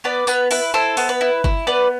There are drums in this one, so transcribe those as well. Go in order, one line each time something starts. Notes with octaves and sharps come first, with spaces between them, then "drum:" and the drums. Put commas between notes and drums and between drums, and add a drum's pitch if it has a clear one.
B3 B4 D5
B3 B4, drum: tambourine
E4 B4, drum: open hi-hat
E4 A4 C5
B3, drum: open hi-hat
B4
E4
E4, drum: kick G1
B3 B4 D5